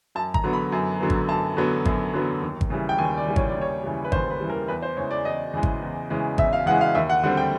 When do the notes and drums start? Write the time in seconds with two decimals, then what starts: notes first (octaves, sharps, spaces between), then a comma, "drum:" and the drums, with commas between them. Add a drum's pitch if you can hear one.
0.15 F#2 A5
0.34 A#5, drum: kick G#1
0.44 D3 F#3 B3
0.53 B5
0.72 F#2
1.00 D3 F#3 B3
1.10 drum: kick G#1
1.29 F#2 A5
1.57 D3 F#3 B3
1.85 F#2, drum: kick G#1
2.13 D3 F#3 B3
2.42 D#2
2.61 drum: kick G#1
2.70 C#3 E3 G3
2.89 G5
2.98 D#2 G#5
3.18 D5
3.27 C#3 E3 G3
3.36 C#5, drum: kick G#1
3.49 D5
3.55 D#2
3.61 C#5
3.83 C#3 E3 G3
4.05 B4
4.12 D#2 C5, drum: kick G#1
4.30 B4
4.40 C#3 E3 G3
4.50 A#4
4.68 E2 B4
4.82 C5
4.97 C#3 E3 G#3 C#5
5.11 D5
5.25 E2 D#5
5.54 C#3 E3 G#3
5.63 drum: kick G#1
5.82 E2
6.10 C#3 E3 G#3
6.38 E2 E5, drum: kick G#1
6.53 F5
6.66 C#3 E3 G#3 F#5
6.81 F5
6.95 D#2 E5
7.10 F#5
7.23 D3 G3 C4 F#5
7.37 G5